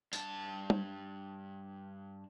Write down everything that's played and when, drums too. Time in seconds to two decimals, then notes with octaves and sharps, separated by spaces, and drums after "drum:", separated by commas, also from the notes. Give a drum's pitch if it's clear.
0.13 G2 A5, drum: tambourine
0.70 drum: tom G3